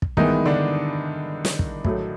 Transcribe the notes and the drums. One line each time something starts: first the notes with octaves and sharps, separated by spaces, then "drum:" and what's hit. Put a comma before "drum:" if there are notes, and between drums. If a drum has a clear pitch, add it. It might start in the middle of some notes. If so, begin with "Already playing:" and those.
drum: kick
G2 D#3 E3 G#3 B3 D#4 E4, drum: kick
D3 D4
drum: snare
drum: kick
A2 F#3 A3, drum: kick